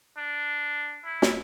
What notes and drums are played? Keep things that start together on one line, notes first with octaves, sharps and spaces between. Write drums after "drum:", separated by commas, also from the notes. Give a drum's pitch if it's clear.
D4
E4
drum: snare